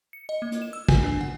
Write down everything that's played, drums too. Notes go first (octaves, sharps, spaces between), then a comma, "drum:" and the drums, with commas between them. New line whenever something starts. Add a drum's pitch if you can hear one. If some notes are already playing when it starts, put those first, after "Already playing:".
C#7
D#5
A#3
drum: hi-hat
E7
E6
G#5, drum: kick
D4
F#5